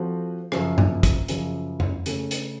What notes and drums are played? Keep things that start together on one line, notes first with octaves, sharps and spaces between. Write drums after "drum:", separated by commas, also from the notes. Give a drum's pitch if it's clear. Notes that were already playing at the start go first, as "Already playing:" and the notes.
Already playing: F3 C4 F#4 A4
F#2 C#3 F3, drum: rim click
drum: tom G2
drum: kick, hi-hat
F#2 C#3 F3, drum: hi-hat
drum: tom F2
C#3 A3 C#4, drum: hi-hat
drum: hi-hat